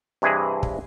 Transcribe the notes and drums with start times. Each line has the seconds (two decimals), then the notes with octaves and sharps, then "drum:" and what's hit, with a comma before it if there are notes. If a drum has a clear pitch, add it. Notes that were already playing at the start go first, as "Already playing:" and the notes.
0.22 G2 C3 E3 E4 G#4 D#5
0.63 drum: kick